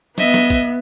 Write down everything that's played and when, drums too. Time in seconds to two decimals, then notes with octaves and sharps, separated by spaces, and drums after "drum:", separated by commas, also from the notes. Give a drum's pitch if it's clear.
0.18 B3 D#5 E5, drum: snare
0.34 drum: snare
0.50 drum: kick, hi-hat